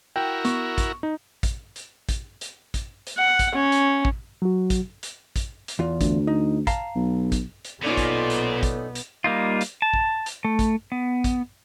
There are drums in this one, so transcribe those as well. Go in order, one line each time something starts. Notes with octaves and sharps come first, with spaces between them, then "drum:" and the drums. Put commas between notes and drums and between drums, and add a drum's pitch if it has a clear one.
E4 F#4 A#4 G5
B3 C#6, drum: hi-hat
drum: kick, hi-hat
D#4
drum: kick, hi-hat
drum: hi-hat
drum: kick, hi-hat
drum: hi-hat
drum: kick, hi-hat
drum: hi-hat
F#5
drum: kick, hi-hat
C#4
drum: hi-hat
drum: kick
F#3 F#4
drum: kick, hi-hat
drum: hi-hat
drum: kick, hi-hat
drum: hi-hat
E2 F4
D2, drum: kick, hi-hat
D#4
F5 A5 A#5, drum: kick, hi-hat
B1
drum: kick, hi-hat
drum: hi-hat
B1 A#2 A3 B3 C#4 D#4 F4 D5
drum: kick, hi-hat
drum: hi-hat
drum: kick, hi-hat
drum: hi-hat
G3 A#3 D#4 F4
drum: hi-hat
A5
drum: kick
drum: hi-hat
A3
drum: kick, hi-hat
B3
drum: kick, hi-hat